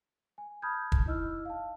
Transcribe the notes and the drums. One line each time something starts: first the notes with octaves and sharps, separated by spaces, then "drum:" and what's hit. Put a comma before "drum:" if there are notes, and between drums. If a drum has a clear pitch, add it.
G#5
A5 B5 D#6 F6 G6 G#6
drum: kick
D#4 E4 D#5 E6 F6
F5 A5